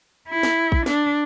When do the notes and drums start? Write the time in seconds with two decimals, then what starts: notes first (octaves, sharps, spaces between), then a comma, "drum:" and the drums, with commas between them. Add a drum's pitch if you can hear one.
0.29 E4
0.43 drum: snare
0.72 drum: kick A#1
0.86 D4, drum: snare